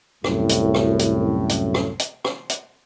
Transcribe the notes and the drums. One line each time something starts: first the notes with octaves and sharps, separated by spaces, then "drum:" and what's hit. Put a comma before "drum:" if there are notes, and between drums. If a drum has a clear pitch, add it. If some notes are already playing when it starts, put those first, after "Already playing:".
C2 F#2 A2, drum: rim click
drum: hi-hat
drum: rim click
drum: hi-hat
drum: hi-hat
drum: rim click
drum: hi-hat
drum: rim click
drum: hi-hat